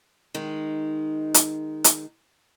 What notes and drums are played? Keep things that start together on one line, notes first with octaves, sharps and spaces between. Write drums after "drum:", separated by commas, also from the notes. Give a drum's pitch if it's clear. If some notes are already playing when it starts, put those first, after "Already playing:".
D#3 G#3 D#4
drum: hi-hat
drum: hi-hat